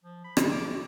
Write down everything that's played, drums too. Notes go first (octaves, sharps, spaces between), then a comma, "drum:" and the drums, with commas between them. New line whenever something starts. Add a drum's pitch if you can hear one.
F3
B5
G#4, drum: rim click
D6
F#4